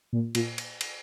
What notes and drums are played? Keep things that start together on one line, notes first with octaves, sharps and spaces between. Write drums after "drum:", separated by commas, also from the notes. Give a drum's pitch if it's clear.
A#2
A#2, drum: cymbal
drum: cymbal
drum: cymbal